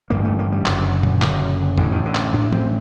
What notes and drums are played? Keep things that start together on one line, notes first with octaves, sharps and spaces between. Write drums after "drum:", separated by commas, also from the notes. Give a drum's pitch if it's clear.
A1 G2 D3 A#3
A3
A#3
G3
F#1 F#2 D3 F#3, drum: clap
drum: tom
F#1 F#2 D3, drum: clap
A1 A2 D3, drum: tom F2
D#3
D3
drum: clap
A1 A2 D4
C4, drum: tom